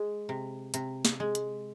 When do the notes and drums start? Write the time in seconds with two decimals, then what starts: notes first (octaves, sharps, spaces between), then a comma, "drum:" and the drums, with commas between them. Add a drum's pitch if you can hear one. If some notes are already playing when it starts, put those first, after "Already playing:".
Already playing: G#3
0.29 C3
0.74 C3, drum: hi-hat
1.05 drum: snare
1.20 G#3
1.35 drum: hi-hat